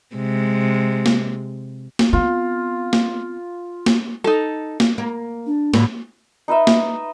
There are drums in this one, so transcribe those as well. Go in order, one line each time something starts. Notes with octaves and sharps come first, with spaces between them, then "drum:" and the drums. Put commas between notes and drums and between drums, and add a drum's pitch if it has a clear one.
C3 G#3
drum: snare A#3
drum: snare A#3
B3 C4 F4
drum: snare A#3
drum: snare A#3
D#4 A4
drum: snare A#3
A#3
D4
A2 D3, drum: snare A#3
D#4 B4 D#5 E5
drum: snare A#3